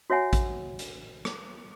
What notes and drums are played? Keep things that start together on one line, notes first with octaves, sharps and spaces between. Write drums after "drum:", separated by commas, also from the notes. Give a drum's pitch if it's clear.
F#4 C#5 E5 F#5 G#5
drum: kick A1, hi-hat
drum: hi-hat
drum: rim click